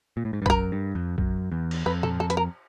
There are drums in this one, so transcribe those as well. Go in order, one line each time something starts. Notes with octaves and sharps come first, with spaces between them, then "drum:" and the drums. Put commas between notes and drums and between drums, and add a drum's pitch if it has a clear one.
A#2
A2
G#2
G2
B4, drum: kick A#1
F#2 A#4
G2
F2
F#2, drum: kick A#1
E2
drum: cymbal
F2 B4
A4, drum: tom A#2
A4
B4, drum: hi-hat
A#4